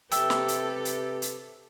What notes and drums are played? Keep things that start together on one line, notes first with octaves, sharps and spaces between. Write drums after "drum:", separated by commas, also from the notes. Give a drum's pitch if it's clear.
C3 G4 A4 B4 E5 G5, drum: hi-hat
drum: snare
drum: hi-hat
drum: hi-hat
drum: hi-hat